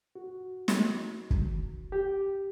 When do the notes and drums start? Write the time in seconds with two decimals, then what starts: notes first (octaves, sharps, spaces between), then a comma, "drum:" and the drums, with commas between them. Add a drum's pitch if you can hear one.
0.15 F#4
0.68 drum: snare
1.30 drum: kick
1.92 G4